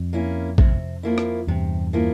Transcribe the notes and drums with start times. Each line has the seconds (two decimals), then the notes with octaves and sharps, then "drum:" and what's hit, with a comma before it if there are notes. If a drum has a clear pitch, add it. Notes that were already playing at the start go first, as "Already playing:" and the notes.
Already playing: F2
0.13 A#3 C#4 E4
0.58 C3, drum: kick A#1
1.03 F3 A#3 E4
1.18 drum: rim click
1.47 E2 G2 C3
1.93 F3 A#3 E4